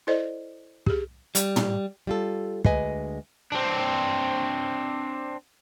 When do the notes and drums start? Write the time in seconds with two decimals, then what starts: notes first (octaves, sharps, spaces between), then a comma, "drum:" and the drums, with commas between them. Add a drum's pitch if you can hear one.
0.07 E4 A4 C5 D5 D#5
0.86 G4 G#4, drum: kick
1.35 G3, drum: hi-hat
1.56 drum: tom
2.07 G3 F4 A4
2.65 D2 G#3 B4 D#5 G#5, drum: kick
3.52 C4 D4